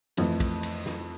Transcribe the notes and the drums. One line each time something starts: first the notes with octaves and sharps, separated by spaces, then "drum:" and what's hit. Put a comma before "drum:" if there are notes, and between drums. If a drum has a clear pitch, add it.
F2 E3 A3, drum: cymbal
drum: kick A#1, cymbal
drum: cymbal
drum: snare